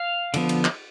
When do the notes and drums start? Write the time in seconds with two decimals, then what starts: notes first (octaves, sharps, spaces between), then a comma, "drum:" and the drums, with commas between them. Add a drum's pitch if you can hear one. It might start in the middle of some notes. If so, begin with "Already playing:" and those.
Already playing: F5
0.34 D3 F3 B3, drum: cymbal
0.49 drum: cymbal
0.65 drum: clap